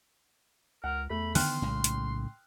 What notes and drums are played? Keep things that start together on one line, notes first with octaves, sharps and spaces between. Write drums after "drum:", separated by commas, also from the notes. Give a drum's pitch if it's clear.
C#2 A#4 F#5
E2 A3 B5
D3 D#3 B3 G5 C6 F6 F#6, drum: open hi-hat
B1 A2 C#3 G#3
drum: hi-hat